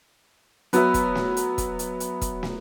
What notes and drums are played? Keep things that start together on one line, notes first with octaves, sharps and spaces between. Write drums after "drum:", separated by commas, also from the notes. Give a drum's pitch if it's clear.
F#3 B3 B4 E5, drum: hi-hat
drum: kick, hi-hat
drum: snare
drum: hi-hat
drum: kick, hi-hat
drum: hi-hat
drum: hi-hat
drum: kick, hi-hat
drum: snare